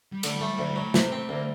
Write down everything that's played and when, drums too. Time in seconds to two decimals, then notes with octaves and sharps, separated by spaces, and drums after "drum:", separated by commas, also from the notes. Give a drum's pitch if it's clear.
0.12 G3
0.23 D3 A3, drum: cymbal
0.41 G3 A3
0.59 D2 F#3
0.71 G3
0.76 F#3
0.82 A3
0.94 C3 F#3, drum: snare
1.05 A3
1.12 C4
1.17 A3
1.29 D2 A#3